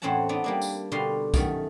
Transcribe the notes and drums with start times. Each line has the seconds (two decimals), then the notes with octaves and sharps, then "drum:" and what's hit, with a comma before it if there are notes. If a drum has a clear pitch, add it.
0.02 E2 A2 C4 C#4 F#5 A5
0.29 B3 D4 D#4
0.44 G3 A#3 D4
0.62 drum: tambourine
0.92 B2 D3 G3 F5 C6
1.34 F#2 D#3 A3, drum: kick B1, tambourine